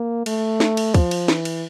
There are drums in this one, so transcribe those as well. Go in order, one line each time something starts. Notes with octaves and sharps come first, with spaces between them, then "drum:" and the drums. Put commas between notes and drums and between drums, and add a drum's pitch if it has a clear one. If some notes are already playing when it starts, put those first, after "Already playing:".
Already playing: A#3
A3, drum: cymbal
drum: snare
drum: cymbal
F3, drum: kick, cymbal
drum: cymbal
E3, drum: snare
drum: cymbal